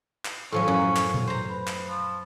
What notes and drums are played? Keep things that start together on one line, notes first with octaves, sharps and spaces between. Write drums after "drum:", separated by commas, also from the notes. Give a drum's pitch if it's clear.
drum: clap
A2 F3 F#3 C#4
F#2 B5
drum: clap
drum: tom A#2
C5 A#5
B4
drum: clap
F3